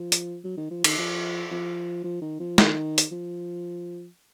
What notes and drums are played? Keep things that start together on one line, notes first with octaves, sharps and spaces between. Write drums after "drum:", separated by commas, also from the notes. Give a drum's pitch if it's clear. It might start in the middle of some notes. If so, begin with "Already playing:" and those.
Already playing: F3
drum: hi-hat
F#3
D#3
F3
D#3, drum: cymbal
F3
F3
F3
D#3
F3
D#3, drum: snare
drum: hi-hat
F3